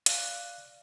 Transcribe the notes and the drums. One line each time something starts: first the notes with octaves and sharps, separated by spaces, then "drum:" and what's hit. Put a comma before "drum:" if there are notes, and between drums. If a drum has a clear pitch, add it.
D5 F5 F#6, drum: hi-hat